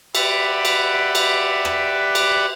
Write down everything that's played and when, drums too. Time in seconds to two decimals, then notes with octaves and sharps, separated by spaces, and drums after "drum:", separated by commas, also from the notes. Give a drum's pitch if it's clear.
0.15 G4 B4 D5 E5 F#5, drum: cymbal
0.65 drum: cymbal
1.15 drum: cymbal
1.65 drum: rim click
2.15 drum: cymbal